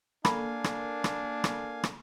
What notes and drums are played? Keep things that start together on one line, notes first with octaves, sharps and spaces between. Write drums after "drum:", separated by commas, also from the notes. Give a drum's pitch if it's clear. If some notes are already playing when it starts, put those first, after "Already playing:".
A#3 D4 A4 A#4 F5 G#5 A#5 B5, drum: rim click
drum: rim click
drum: rim click
drum: rim click
drum: rim click